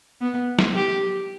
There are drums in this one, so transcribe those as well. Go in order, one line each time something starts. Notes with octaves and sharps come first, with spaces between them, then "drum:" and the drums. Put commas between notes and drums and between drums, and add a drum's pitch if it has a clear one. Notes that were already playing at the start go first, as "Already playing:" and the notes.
B3
drum: snare
G4